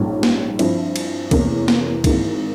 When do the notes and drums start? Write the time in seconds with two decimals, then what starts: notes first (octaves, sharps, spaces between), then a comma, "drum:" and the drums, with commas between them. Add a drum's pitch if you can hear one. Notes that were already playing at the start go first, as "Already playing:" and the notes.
Already playing: A#1 G#2 G3 C#4
0.23 drum: snare
0.59 G2 F3 C4 E4, drum: cymbal
0.96 drum: cymbal
1.31 F1 E2 E3 A#3 C#4, drum: kick, cymbal
1.68 drum: snare
2.04 G#1 G#2 E3 A#3 E4, drum: kick, cymbal